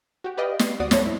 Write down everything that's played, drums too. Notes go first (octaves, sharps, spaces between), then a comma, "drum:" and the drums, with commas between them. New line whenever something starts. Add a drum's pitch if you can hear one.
F#4 G4
G4 B4 D5 D#5 F5 G5
C7, drum: snare
D2 F#4 D5 D#6
G#2 F#3 A3 C#5 B5 A#6, drum: snare
E4